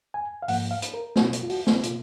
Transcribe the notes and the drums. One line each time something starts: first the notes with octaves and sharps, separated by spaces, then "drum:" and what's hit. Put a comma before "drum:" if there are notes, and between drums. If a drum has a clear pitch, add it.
G#5
F5
G#2 F3 A#3 F#5, drum: open hi-hat
F5
drum: hi-hat
A#4
B2 F#3 A#3 F#4, drum: snare
drum: hi-hat
F4
F#4, drum: open hi-hat
drum: snare
B2 A#3 F4, drum: hi-hat